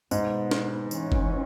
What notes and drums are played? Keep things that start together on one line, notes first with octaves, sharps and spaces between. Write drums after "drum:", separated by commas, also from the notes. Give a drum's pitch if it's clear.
G#2 B2 B3, drum: tambourine
drum: snare
E3 C#4, drum: tambourine
drum: kick F#1